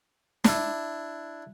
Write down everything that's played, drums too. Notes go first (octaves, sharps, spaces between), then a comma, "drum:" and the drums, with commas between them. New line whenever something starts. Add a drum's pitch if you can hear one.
D4 E4, drum: snare